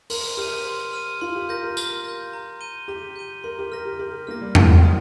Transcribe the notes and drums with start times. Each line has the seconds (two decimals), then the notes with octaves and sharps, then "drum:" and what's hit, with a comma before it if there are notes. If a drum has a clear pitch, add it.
0.10 A#4 C6, drum: open hi-hat
0.37 G4 F6 D#7
0.65 C6
0.93 F6 D#7
1.21 F4 C6
1.35 G4
1.49 A#4 G6 A#6
1.63 A#4
1.77 C6, drum: tambourine
2.05 G6 A#6
2.33 A#5
2.61 G6 D#7 G7
2.88 G4 A#5
3.16 G6 D#7 G7
3.44 A#4 C6
3.59 G4
3.72 A#4 F6 A#6
3.85 G4
3.99 G4 C6
4.27 A#3 F6 A#6
4.41 G3
4.55 F3 C6, drum: tom E2
4.70 G3
4.83 F3 D#6